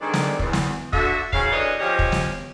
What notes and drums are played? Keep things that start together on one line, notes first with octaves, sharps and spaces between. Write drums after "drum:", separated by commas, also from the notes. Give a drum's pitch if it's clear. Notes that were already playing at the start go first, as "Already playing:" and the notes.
D3 D#3 G#3 C4 D4
drum: snare
E2, drum: kick
drum: snare
D3 F#4 E5, drum: kick
G#2 C#3 F#3 F5, drum: kick
F#2 D3 E3 D4 C#5 D#5
E2 F3 C#4 G4 C#5 D#5
drum: kick
drum: snare